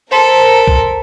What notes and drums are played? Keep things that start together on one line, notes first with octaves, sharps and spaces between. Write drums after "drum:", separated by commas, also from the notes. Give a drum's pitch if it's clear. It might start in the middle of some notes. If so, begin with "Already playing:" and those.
A4 A#4 C5 C6 B6
drum: kick B1